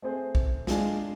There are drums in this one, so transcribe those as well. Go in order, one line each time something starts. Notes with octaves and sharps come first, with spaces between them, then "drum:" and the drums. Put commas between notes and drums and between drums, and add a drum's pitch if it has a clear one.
A3 C4 G#4 C5
drum: kick
G#3 D4 F4 G#4, drum: snare